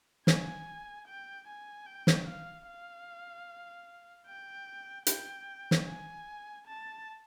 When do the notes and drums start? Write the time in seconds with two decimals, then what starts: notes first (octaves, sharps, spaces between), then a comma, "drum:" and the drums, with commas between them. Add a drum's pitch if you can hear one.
0.27 G#5, drum: snare
1.07 G5
1.48 G#5
1.87 G5
2.07 drum: snare
2.27 F5
2.67 F5
4.27 G5
5.07 G5, drum: hi-hat
5.71 drum: snare
5.86 G#5
6.67 A5